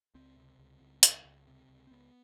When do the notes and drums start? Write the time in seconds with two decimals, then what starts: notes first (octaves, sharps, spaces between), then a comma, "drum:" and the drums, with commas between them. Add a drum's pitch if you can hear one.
0.14 C#2 C4
0.37 C3
0.59 C#2
0.81 C#2
1.03 C#2, drum: hi-hat
1.24 C#2
1.47 C3
1.69 C#2
1.87 C4
1.91 C#2 B3